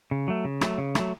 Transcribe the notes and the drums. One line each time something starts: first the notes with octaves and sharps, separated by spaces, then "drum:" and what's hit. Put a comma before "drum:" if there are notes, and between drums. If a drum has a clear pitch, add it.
C#3
F#3 A3
C#3
F#3 A3, drum: rim click
C#3
F#3 A3, drum: rim click